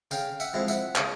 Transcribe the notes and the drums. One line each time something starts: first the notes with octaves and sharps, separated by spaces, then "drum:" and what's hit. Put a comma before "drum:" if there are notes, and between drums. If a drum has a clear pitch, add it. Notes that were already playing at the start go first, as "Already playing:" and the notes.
C#3 F5 G5, drum: tambourine
E5 F#5, drum: tambourine
F3 G#3 C4 E4
E5 F#5, drum: tambourine
C#3 D#5 F5, drum: clap